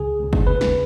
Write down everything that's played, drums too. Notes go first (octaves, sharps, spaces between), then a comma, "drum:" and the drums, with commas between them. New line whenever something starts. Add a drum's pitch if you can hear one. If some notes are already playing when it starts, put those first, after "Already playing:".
Already playing: C#2 C#3 G#4
C#2 C#3
drum: kick
D#2 C#3 B4
drum: snare